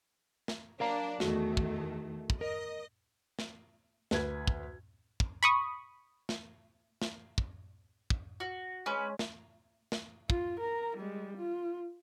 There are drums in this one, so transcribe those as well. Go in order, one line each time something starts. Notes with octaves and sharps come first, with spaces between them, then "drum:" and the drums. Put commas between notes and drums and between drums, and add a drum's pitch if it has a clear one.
drum: snare
F#3 D4 A#4 F5 A#5
E2 D#3 A3 F#4, drum: snare
drum: kick
drum: kick
A#4 D#5
drum: snare
D2 B4 G#6, drum: snare
drum: kick
drum: kick
B5 C#6 D#6
drum: snare
drum: snare
drum: kick
drum: kick
F#4
G#3 C#4 B4 C#5
drum: snare
drum: snare
F4, drum: kick
A#4 A#5
G3 G#3
F4